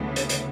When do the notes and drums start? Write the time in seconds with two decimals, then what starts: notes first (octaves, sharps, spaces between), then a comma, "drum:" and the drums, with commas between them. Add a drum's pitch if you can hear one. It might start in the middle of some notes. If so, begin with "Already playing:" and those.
Already playing: D2 C#3 E3 B3
0.16 drum: hi-hat
0.29 drum: hi-hat